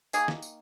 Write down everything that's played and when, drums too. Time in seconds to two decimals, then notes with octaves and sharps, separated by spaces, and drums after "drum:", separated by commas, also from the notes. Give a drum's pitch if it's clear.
0.13 D#3 A#3 G#4, drum: tambourine
0.28 drum: snare
0.42 drum: tambourine